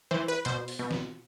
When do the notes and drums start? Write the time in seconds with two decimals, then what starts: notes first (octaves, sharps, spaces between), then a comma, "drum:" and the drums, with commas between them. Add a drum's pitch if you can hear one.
0.11 E3 C5
0.28 B4
0.45 B2 C5, drum: hi-hat
0.68 drum: open hi-hat
0.79 B2
0.91 drum: snare